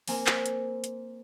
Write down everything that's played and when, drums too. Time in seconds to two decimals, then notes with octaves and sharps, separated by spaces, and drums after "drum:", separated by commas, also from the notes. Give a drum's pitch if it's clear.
0.08 A#3 C4 G#5, drum: open hi-hat
0.27 drum: clap
0.46 drum: hi-hat
0.84 drum: hi-hat